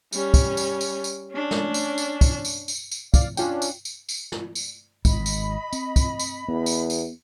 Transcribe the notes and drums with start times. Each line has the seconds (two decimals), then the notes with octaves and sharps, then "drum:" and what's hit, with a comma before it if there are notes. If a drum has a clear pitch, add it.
0.12 G3 C#4, drum: tambourine
0.34 drum: kick, tambourine
0.57 drum: tambourine
0.81 drum: tambourine
1.04 drum: tambourine
1.32 C#4 D4
1.51 drum: snare
1.74 drum: tambourine
1.98 drum: tambourine
2.21 drum: kick, tambourine
2.45 drum: tambourine
2.68 drum: tambourine
2.91 drum: tambourine
3.14 D5 F5, drum: kick, tambourine
3.37 C#4 D4 F4 G5, drum: tambourine
3.62 drum: tambourine
3.85 drum: tambourine
4.09 drum: tambourine
4.32 drum: snare
4.55 drum: tambourine
5.05 G#1 G#2 D#5 B5, drum: kick, tambourine
5.26 drum: tambourine
5.73 C4, drum: tambourine
5.96 drum: kick, tambourine
6.19 drum: tambourine
6.48 E2 B3
6.66 drum: tambourine
6.90 drum: tambourine